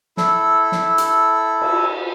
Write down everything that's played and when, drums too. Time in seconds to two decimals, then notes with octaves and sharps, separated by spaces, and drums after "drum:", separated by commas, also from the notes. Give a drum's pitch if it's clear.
0.17 E4 A4, drum: snare
0.72 drum: snare
0.98 drum: hi-hat
1.62 drum: cymbal